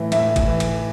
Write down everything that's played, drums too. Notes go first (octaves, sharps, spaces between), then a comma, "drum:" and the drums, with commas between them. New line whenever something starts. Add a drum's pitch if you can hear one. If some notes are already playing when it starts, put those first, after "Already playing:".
Already playing: A2 E3
A2 E5, drum: cymbal
drum: kick, cymbal
E3
drum: cymbal